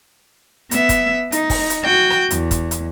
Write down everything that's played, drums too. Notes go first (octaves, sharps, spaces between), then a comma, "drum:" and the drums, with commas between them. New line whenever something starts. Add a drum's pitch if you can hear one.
B3 E5, drum: hi-hat
drum: kick, hi-hat
D#4, drum: hi-hat
drum: kick, open hi-hat
drum: hi-hat
F#4 G5
drum: rim click
E2, drum: hi-hat
drum: kick, hi-hat
drum: hi-hat